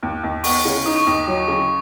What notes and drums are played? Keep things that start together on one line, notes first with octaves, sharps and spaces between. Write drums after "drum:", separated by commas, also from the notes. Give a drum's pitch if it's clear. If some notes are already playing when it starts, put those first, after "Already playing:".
D#2
D#2
B3 C#6, drum: open hi-hat
C#3
D#4 D#6
C#6
D#2 D#6
F#3
C#3